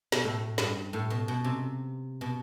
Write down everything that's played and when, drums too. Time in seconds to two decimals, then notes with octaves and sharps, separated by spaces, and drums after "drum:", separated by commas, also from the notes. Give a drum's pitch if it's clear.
0.12 B2, drum: snare
0.24 A2
0.58 G2, drum: snare
0.93 A2
1.10 B2
1.28 B2
1.44 C3
2.21 B2